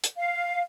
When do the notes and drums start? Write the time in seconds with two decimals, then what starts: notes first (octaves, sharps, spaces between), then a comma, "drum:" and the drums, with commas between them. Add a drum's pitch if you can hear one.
0.04 drum: hi-hat
0.17 F5